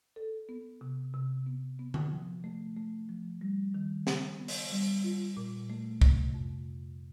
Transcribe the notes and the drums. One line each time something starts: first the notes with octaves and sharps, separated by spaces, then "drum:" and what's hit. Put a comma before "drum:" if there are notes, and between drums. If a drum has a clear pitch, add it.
A4
B3
C3
C3
B3
B3
drum: tom D3
F3
A3
A3
F3
G3
D#3
C#3, drum: snare
B3
drum: open hi-hat
G3
F4
A#2
A3
C3, drum: kick
F2